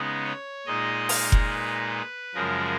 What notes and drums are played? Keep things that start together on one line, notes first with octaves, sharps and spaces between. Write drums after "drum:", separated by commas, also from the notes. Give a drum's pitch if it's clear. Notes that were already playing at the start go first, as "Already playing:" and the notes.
Already playing: C#3 G#3 B3 D#4
C#5
A#2 G#3 D#4 D#5
A#4, drum: open hi-hat
drum: kick F1
B4
F#2 C#3 F3 G#3 A#4